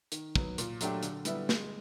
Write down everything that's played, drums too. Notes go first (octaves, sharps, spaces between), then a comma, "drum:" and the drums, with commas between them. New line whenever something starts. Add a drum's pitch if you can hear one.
D#3, drum: hi-hat
F#3 B3, drum: kick
A#2, drum: hi-hat
F#3 A3 D4 G4, drum: hi-hat
D3, drum: hi-hat
G3 B3 E4, drum: hi-hat
G#3, drum: snare